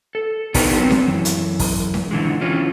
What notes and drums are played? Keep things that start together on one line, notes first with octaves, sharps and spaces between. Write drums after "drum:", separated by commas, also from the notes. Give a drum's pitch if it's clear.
A4
B3 D4 D#4 G4 A#4 B4, drum: kick, open hi-hat
F#3 C4
drum: snare C#4
F#2 E3
drum: hi-hat
drum: kick, open hi-hat
drum: snare C#4
D3 E3 G#3
E3 C#4 F4